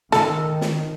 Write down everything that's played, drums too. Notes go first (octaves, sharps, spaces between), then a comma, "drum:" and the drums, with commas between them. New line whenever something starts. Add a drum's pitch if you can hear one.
D#3 A4, drum: snare
drum: snare